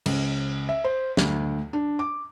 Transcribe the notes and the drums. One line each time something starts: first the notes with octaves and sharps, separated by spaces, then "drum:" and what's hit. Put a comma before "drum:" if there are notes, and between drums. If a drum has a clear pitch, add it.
C#2, drum: cymbal
E5
C5
D2, drum: snare
D4
D6